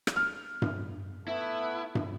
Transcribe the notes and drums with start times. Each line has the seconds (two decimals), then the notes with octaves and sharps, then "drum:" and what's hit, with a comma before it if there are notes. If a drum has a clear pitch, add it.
0.07 drum: rim click
0.16 F6
0.62 drum: tom G2
1.28 A3 B3 E4
1.95 drum: tom G2